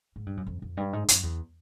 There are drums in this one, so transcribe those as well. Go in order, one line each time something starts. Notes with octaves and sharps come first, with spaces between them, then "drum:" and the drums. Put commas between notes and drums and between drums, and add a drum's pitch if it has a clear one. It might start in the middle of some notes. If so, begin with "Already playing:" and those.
G#2
G2
F#2
F2
F2
G2
G#2
F#2, drum: hi-hat
E2